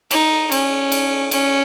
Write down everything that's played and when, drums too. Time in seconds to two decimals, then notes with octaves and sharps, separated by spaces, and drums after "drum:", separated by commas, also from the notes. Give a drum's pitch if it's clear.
0.11 D#4, drum: cymbal
0.52 C#4, drum: cymbal
0.92 drum: cymbal
1.31 C#4, drum: cymbal